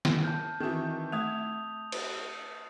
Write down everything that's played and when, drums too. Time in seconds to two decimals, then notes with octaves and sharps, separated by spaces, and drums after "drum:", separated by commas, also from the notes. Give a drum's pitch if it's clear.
0.05 drum: snare
0.24 A5 F6 G6
0.60 D#3 E3 C4 F#4
1.12 A3 E5 D#6 G#6 F7
1.92 drum: cymbal